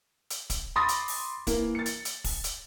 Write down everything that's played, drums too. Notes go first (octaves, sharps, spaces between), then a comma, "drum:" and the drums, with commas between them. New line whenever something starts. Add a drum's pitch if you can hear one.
drum: hi-hat
drum: kick, hi-hat
B5 C6 D6 D#6 A6 A#6
drum: hi-hat
drum: open hi-hat
E3 A#3, drum: kick, hi-hat
A6 C#7
drum: hi-hat
drum: hi-hat
drum: kick, open hi-hat
drum: hi-hat